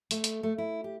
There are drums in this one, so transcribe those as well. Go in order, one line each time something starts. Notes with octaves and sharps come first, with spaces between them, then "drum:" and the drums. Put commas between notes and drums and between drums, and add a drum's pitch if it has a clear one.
A3, drum: hi-hat
drum: hi-hat
A3
E4
G4